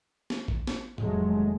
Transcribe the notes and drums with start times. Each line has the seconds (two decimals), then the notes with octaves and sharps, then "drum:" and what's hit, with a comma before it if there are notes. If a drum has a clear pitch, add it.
0.30 drum: snare
0.48 drum: kick
0.67 drum: snare
0.98 F1 D#2 F#3 G#3 A3, drum: tom A2